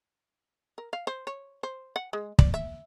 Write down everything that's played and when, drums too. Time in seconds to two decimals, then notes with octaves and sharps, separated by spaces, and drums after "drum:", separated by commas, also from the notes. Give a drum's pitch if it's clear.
0.78 A#4
0.93 F5
1.07 C5
1.27 C#5
1.63 C5
1.96 F#5
2.13 G#3
2.39 D5, drum: kick
2.54 E5